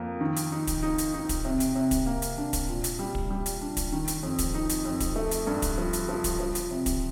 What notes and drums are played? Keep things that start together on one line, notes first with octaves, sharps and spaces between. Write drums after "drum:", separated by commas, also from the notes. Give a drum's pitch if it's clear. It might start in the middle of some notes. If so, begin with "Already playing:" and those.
Already playing: F2 A#3
D#3
drum: hi-hat
D#4
drum: kick, hi-hat
D#4
drum: hi-hat
D#4
drum: kick, hi-hat
C3
drum: hi-hat
C3
drum: kick, hi-hat
A#3
drum: hi-hat
D4
drum: kick, hi-hat
A#2
drum: hi-hat
G3
drum: kick
G3
drum: hi-hat
D4
drum: kick, hi-hat
D#3
drum: hi-hat
F2
drum: kick, hi-hat
D#4
drum: hi-hat
F2
drum: kick, hi-hat
A3
drum: hi-hat
G2
drum: kick, hi-hat
F3
drum: hi-hat
F3
drum: kick, hi-hat
F3
drum: hi-hat
C3
drum: kick, hi-hat